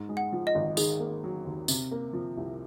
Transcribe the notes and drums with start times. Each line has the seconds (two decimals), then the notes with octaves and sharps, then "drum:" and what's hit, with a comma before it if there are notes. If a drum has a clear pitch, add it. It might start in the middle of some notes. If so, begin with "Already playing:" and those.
Already playing: G#2
0.09 G#3
0.17 F#5
0.32 F3
0.47 D#5
0.55 G#1
0.77 D#3 G#4, drum: tambourine
1.00 A#3
1.24 F#3
1.45 D#2
1.68 C3, drum: tambourine
1.91 A#3
2.13 F3
2.37 C2